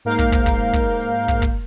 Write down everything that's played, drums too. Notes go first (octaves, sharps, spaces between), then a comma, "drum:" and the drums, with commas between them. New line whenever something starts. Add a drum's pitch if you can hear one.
G#2 A#3 A#4 F5 G6
drum: kick, hi-hat
drum: kick
drum: kick
drum: kick, hi-hat
drum: hi-hat
drum: kick
drum: kick